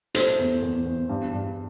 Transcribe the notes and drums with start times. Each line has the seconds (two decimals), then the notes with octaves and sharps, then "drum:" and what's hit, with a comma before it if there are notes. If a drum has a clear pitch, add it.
0.15 A3 C5, drum: hi-hat
0.39 E2
0.62 E2
0.86 E2
1.09 G2
1.33 G2